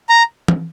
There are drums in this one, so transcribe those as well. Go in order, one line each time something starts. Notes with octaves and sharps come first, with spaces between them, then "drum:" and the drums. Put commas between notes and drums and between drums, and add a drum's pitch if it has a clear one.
A#5
drum: tom E3